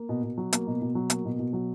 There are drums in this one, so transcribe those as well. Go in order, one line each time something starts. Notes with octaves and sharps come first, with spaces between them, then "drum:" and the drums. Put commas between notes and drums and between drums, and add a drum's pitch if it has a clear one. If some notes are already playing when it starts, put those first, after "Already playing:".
Already playing: A#3
B2
B2
F#3
A#3, drum: hi-hat
B2
B2
F#3
A#3, drum: hi-hat
B2
B2
F#3